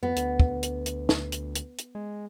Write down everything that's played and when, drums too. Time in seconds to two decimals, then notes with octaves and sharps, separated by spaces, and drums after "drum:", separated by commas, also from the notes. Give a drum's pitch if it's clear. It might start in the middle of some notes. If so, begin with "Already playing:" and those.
0.03 F2 B3
0.16 D2, drum: hi-hat
0.40 drum: kick
0.63 drum: hi-hat
0.86 drum: hi-hat
1.09 drum: snare
1.32 drum: hi-hat
1.55 drum: hi-hat
1.78 drum: hi-hat
1.95 G#3